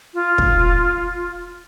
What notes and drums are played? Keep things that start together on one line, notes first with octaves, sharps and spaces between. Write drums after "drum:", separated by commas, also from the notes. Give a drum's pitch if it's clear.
F4
drum: kick